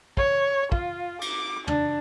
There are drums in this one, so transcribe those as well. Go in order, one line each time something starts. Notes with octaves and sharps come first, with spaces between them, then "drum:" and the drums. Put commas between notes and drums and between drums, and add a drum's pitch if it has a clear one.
C#5, drum: kick
F4, drum: kick
D6, drum: cymbal
D4, drum: tom